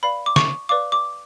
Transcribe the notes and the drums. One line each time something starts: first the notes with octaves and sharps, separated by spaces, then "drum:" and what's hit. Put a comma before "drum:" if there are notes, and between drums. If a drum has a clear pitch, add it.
B4 D5 F5 B5
D6
C#6, drum: snare
B4 D5 F5 D6
D6